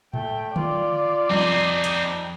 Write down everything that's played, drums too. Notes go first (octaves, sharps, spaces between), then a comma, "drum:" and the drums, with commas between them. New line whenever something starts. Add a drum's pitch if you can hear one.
A3 G5, drum: tom A2
F4 D5, drum: tom D3
F2 F3 C4 D#4 G#4
drum: hi-hat